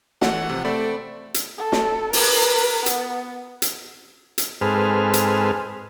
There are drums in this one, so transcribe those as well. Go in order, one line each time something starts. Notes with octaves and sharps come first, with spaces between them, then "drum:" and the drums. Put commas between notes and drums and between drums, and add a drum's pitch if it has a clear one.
E3 A3 F#5, drum: snare
C3 F3
A3 C4 D5 B5
drum: hi-hat
A4
drum: snare
A#4 B4, drum: open hi-hat
B3, drum: hi-hat
drum: hi-hat
drum: hi-hat
G#2 C4 G#4 A4 B4 F6
drum: hi-hat